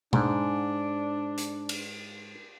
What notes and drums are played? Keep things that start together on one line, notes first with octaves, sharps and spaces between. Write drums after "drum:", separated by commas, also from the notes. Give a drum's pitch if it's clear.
G#2 D4, drum: tom B2
drum: hi-hat
drum: cymbal